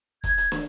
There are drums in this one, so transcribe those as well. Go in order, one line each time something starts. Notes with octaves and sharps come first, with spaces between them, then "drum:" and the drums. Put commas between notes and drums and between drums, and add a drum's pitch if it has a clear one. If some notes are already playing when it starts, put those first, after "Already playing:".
G#6, drum: kick, hi-hat
drum: hi-hat
drum: snare